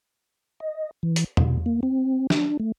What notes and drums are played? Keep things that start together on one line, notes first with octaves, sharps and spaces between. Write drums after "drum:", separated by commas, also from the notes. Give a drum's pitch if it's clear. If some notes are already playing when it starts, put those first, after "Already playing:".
D#5
E3
drum: hi-hat
B2, drum: tom E2
A#3
C4
D4, drum: snare
A3